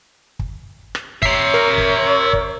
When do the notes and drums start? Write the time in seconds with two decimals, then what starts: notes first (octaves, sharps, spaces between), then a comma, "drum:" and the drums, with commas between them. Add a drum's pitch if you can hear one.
0.39 drum: kick
0.95 drum: rim click
1.22 C#5 E5 A#5 C7, drum: kick
1.54 A#4
1.78 drum: kick
2.33 drum: kick